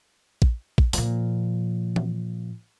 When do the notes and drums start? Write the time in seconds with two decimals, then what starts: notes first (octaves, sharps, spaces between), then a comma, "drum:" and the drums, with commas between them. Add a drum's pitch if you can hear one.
0.42 drum: kick A#1
0.78 drum: kick A#1
0.93 A#2 F3, drum: open hi-hat
1.96 drum: tom E3